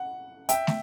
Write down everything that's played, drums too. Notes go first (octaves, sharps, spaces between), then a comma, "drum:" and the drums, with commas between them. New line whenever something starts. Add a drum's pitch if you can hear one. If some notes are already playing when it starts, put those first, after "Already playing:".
Already playing: F#5
E5 G5, drum: hi-hat
drum: snare